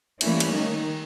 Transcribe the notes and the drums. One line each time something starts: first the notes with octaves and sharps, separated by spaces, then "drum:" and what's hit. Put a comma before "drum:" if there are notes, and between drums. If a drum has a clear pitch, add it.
E3 G3 A3 A#3 C#4 E4, drum: cymbal
drum: cymbal
D#3 D#4